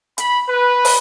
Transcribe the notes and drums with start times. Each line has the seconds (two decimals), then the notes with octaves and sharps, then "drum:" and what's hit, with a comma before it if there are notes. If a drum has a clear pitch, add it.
0.18 B5, drum: hi-hat
0.49 B4
0.85 drum: open hi-hat